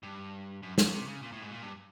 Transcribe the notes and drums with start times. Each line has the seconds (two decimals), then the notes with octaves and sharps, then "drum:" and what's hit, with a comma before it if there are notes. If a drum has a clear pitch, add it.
0.03 G2
0.63 F#2
0.78 F#2, drum: snare
0.93 C3
1.07 C#3
1.22 A#2
1.32 A2
1.42 G#2
1.51 A#2
1.62 G2